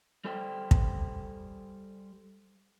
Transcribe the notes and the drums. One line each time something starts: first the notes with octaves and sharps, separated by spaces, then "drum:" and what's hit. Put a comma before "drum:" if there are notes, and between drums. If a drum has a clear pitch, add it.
G3 G4 A4 C5 D5 G5
drum: kick